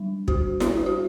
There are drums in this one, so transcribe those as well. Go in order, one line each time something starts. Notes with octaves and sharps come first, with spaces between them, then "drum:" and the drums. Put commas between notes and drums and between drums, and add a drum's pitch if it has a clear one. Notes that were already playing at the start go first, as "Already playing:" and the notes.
Already playing: G3 D4
F#4, drum: kick
drum: snare E4
F#4